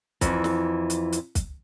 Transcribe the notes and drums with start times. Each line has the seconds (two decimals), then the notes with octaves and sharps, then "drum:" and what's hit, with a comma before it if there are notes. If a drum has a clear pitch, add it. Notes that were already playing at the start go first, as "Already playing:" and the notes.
0.21 F2 E3, drum: kick, hi-hat
0.44 drum: snare
0.90 drum: hi-hat
1.12 drum: hi-hat
1.35 drum: kick, hi-hat